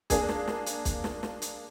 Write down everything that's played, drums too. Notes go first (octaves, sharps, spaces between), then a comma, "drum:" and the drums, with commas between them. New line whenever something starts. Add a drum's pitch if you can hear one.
A#3 D4 G#4, drum: kick, hi-hat
drum: snare
drum: snare
drum: hi-hat
drum: kick, hi-hat
drum: snare
drum: snare
drum: hi-hat